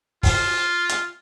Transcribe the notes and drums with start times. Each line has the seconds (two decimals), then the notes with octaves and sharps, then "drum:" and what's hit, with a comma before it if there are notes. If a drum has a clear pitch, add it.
0.23 F4, drum: kick, open hi-hat
0.89 drum: hi-hat